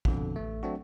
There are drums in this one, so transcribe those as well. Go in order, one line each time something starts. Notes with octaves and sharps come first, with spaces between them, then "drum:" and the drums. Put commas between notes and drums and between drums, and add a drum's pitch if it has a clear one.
F2 B2 D3, drum: kick
A1 A3
F#3 A3 C4 D4 F#4